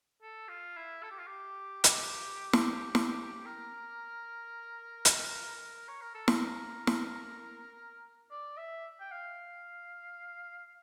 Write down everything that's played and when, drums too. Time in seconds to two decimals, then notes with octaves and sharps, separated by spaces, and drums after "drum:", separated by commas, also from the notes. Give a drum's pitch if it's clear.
0.22 A4
0.49 F4
0.76 E4
1.03 A4
1.11 G4
1.19 F4
1.27 G4
1.84 G4, drum: hi-hat
2.53 drum: snare
2.95 drum: snare
3.46 A#4
5.05 drum: hi-hat
5.88 C#5
6.01 A#4
6.14 A4
6.28 A#4, drum: snare
6.87 drum: snare
8.30 D5
8.57 E5
9.00 G5
9.11 F5